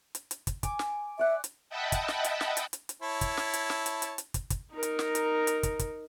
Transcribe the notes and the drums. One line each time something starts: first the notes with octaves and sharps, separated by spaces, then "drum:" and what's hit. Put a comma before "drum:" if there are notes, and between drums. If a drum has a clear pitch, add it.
drum: hi-hat
drum: hi-hat
drum: kick, hi-hat
G#5 D6, drum: kick, hi-hat
drum: snare
D5 E5 F#5
drum: hi-hat
D#5 E5 F#5 G5 A5 B5
drum: kick, hi-hat
drum: snare
drum: hi-hat
drum: snare
drum: hi-hat
drum: hi-hat
drum: hi-hat
E4 C#5 A5
drum: kick, hi-hat
drum: snare
drum: hi-hat
drum: snare
drum: hi-hat
drum: hi-hat
drum: hi-hat
drum: kick, hi-hat
drum: kick, hi-hat
D#4 A#4
drum: hi-hat
drum: snare
drum: hi-hat
drum: hi-hat
drum: kick, hi-hat
drum: kick, hi-hat